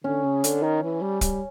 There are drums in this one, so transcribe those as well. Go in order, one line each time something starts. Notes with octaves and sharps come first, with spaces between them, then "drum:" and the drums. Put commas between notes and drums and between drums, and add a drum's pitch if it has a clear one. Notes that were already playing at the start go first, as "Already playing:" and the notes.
D3 C#4
C#3
D3, drum: hi-hat
D#3
E3
G3
G3, drum: kick, hi-hat